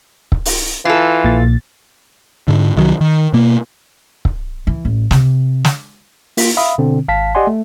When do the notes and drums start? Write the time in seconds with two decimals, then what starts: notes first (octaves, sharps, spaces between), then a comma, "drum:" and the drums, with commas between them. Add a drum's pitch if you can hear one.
0.32 drum: kick C#1
0.45 drum: open hi-hat
0.85 E3 F4 A4
1.24 A#1 A#2 A6
2.48 G#2 D3
2.76 C2 D#3 F#3
3.01 D#3
3.33 B2 A#3
4.25 drum: kick C#1
4.67 E3
4.85 A1
5.11 C3, drum: snare
5.65 drum: snare
6.37 A#3 F4 B6, drum: open hi-hat
6.57 E5 F5 B5 D#6
6.78 B2 D3 C4
7.08 G#1 F5 A5 B6
7.35 G4 D5 D#5 F#5 G#5 C6
7.47 A3